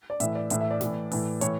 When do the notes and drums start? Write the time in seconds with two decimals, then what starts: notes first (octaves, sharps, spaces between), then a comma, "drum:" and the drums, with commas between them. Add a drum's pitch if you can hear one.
0.10 D5
0.20 A2 E3 E5, drum: hi-hat
0.35 D5
0.50 A2 E3 E5, drum: hi-hat
0.61 E5
0.71 D5
0.81 A2 E3, drum: snare
1.12 A2 E3, drum: open hi-hat
1.41 A2 E3 C#5, drum: hi-hat